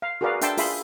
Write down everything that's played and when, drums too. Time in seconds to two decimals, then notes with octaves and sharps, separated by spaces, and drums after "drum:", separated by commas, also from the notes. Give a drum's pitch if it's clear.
0.02 F5
0.21 F#4 G#4 A#4 B4 D5 F5
0.41 D4 E5 G5 A5 C6, drum: hi-hat
0.57 F4 G#4 E5 B5 C6, drum: open hi-hat